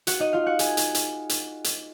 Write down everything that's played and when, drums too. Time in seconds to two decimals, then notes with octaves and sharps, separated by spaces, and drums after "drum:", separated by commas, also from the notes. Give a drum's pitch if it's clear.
0.07 F#4 F#5, drum: hi-hat
0.20 D#4 D#5
0.33 F4 F5
0.46 F#4 F#5
0.59 G#4 G#5, drum: hi-hat
0.77 drum: hi-hat
0.95 drum: hi-hat
1.29 drum: hi-hat
1.64 drum: hi-hat